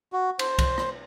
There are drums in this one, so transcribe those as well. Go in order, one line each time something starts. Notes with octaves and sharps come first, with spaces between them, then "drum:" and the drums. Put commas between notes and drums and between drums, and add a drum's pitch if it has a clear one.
F#4
C5, drum: cymbal
drum: kick C2, cymbal
drum: rim click